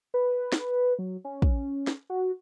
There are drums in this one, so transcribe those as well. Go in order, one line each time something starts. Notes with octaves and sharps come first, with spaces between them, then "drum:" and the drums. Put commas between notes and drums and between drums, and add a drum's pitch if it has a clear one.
B4
drum: snare
F#3
C#4
drum: kick
drum: snare
F#4